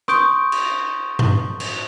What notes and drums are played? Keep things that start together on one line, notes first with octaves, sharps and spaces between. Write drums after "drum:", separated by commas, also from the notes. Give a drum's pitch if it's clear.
C6 C#6 D#6 G6 D7, drum: rim click
drum: cymbal
drum: tom G2
drum: cymbal